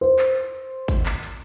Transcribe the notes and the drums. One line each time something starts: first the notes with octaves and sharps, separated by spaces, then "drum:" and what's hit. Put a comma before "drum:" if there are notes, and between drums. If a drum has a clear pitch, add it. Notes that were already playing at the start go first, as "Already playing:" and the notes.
C5
drum: clap
drum: kick G#1, hi-hat
drum: clap
drum: hi-hat